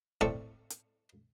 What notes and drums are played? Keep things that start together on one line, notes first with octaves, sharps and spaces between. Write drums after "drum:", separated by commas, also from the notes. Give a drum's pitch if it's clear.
A2 C4 A4 D5 C#6, drum: kick
drum: hi-hat